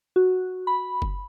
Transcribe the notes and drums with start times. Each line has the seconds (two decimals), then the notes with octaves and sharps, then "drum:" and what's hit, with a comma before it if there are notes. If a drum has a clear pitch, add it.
0.16 F#4
0.67 B5
1.02 drum: kick F#1